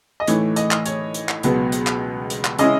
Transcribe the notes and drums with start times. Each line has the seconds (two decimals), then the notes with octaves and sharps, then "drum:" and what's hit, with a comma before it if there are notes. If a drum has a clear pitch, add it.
0.20 D#5
0.27 A2 E3 A3 D#4 C#5, drum: hi-hat
0.56 D#5, drum: hi-hat
0.71 drum: clap
0.86 C#5, drum: hi-hat
1.14 drum: hi-hat
1.29 drum: clap
1.43 C#2 B2 F#3 B3, drum: hi-hat
1.72 drum: hi-hat
1.87 drum: clap
2.30 drum: hi-hat
2.45 drum: clap
2.59 C#3 G#3 C#4 E4 D#5, drum: hi-hat